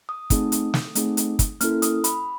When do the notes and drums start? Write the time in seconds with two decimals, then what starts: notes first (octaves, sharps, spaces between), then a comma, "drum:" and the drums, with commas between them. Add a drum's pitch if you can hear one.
0.09 D#6
0.30 A3 C4 D#4 G#4, drum: kick, hi-hat
0.52 drum: hi-hat
0.74 drum: snare
0.95 A3 C4 D#4 G#4, drum: hi-hat
1.17 drum: hi-hat
1.39 drum: kick, hi-hat
1.61 A#3 C#4 E4 A4 F6, drum: hi-hat
1.82 D#6, drum: hi-hat
2.04 B5, drum: hi-hat